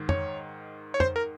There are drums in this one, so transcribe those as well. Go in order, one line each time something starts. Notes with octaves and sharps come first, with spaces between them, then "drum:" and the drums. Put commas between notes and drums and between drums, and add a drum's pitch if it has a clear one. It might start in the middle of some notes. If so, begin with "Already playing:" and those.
Already playing: G#2 D#3
C#5, drum: tom F2
C#5
C5, drum: tom F2
A#4